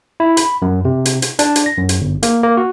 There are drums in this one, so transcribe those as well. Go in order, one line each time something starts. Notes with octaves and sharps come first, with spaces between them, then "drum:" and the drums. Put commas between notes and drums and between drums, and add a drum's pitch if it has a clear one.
E4
B5, drum: hi-hat
F#2
C3
drum: hi-hat
drum: hi-hat
D4, drum: hi-hat
drum: hi-hat
A#6
F#2
drum: hi-hat
G1
A#3, drum: hi-hat
A#3
F#4